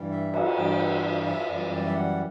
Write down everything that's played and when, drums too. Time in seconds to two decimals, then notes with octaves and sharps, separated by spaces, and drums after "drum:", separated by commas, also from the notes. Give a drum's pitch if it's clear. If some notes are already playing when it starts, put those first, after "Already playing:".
Already playing: G2 E3 G3
0.11 E5
0.34 F#5, drum: cymbal
0.57 G2 E3 G3 G5
0.79 F#5
1.25 E5
1.49 F#2 E3 G3 D5
1.71 D5
1.86 E5
1.95 F#5